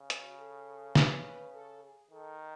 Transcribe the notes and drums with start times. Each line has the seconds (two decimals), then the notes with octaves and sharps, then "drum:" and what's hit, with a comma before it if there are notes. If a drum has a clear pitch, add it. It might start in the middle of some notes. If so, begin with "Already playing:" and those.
Already playing: C#3
0.10 F#4, drum: hi-hat
0.39 A4
0.95 B4, drum: snare
1.54 A4
1.83 G#4
2.11 D#3 A4